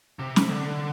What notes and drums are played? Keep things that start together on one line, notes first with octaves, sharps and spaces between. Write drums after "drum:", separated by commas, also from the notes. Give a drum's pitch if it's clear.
C3
drum: snare
D3